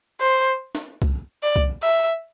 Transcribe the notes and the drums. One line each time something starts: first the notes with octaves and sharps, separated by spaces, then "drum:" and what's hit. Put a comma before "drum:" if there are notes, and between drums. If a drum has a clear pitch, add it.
C5
drum: snare
drum: kick
D5
drum: kick
E5